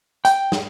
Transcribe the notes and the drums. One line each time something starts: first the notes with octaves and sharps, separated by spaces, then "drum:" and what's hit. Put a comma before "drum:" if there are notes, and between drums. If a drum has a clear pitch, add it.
G5, drum: hi-hat
drum: snare